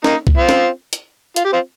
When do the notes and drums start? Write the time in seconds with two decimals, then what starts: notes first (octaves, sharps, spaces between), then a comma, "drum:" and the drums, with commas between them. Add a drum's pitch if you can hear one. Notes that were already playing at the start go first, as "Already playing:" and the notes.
0.04 A#3 D#4, drum: snare
0.27 drum: kick
0.38 C4 F4
0.49 drum: snare
0.93 drum: hi-hat
1.36 F4, drum: hi-hat
1.45 G4
1.53 C4 F4